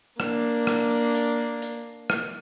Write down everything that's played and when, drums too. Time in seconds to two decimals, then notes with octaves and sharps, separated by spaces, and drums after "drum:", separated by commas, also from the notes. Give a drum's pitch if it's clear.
0.20 A#3 D4, drum: rim click
0.67 drum: rim click
1.15 drum: hi-hat
1.62 drum: hi-hat
2.10 drum: rim click